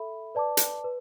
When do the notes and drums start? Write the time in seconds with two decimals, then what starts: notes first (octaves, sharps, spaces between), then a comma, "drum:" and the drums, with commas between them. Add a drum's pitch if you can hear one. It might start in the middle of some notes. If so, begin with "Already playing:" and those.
Already playing: A4 E5 B5
0.35 B4 D5 A5 D6
0.57 drum: hi-hat
0.84 B4